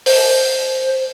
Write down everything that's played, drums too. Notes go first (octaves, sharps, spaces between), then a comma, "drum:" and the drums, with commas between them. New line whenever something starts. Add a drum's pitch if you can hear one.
C5, drum: open hi-hat